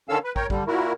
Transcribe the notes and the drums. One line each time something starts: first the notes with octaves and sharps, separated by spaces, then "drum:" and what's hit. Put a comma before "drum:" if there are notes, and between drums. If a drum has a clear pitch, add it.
D3 D#3 C#4 A4 F5 E6
B4
A#4 C#5 G5, drum: kick
D3 G3, drum: kick
A#2 E4 F#4 A#4